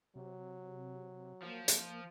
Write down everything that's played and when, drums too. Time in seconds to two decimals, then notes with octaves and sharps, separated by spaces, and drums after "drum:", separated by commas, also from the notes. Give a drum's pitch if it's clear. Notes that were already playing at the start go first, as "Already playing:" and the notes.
0.16 C3 F#3
1.43 F3 A#3
1.68 drum: hi-hat